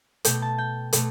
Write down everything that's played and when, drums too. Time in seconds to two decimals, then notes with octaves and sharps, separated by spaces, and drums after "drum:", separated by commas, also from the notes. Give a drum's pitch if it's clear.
0.25 B2 A3 G5, drum: hi-hat
0.42 A5
0.58 G5
0.93 B2 A3, drum: hi-hat